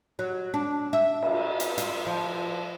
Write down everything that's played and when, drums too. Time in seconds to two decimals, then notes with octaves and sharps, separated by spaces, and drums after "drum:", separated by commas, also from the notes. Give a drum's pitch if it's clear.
0.19 F#3
0.54 D4
0.93 E5
1.23 drum: cymbal
1.60 drum: hi-hat
1.78 F4, drum: hi-hat
2.06 F3